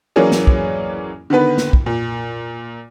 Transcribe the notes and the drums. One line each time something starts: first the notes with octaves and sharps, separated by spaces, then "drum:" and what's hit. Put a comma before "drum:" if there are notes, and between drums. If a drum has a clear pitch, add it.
E3 F#3 A#3 C#4 G#4 D5
drum: snare
drum: kick
D3 D#3 B3 B4
drum: snare
drum: kick
A#2